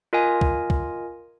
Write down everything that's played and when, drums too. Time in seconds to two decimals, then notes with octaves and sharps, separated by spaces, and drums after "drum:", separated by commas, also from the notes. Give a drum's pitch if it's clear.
0.13 F4 A#4 D#5 G#5
0.41 drum: kick
0.70 drum: kick